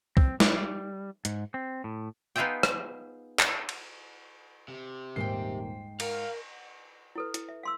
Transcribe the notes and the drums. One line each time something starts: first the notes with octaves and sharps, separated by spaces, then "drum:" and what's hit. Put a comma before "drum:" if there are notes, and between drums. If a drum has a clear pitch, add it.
C4, drum: kick
G3, drum: snare
G#2, drum: hi-hat
C4
A2
B3 D#4 F4 G#4 E5 G5
drum: rim click
drum: clap
drum: cymbal
C3
D#1 G#2 A#3 C5 G5 C7
A#4 F5, drum: cymbal
E4 A4 B4
E4, drum: hi-hat
E5
F5 C6 E6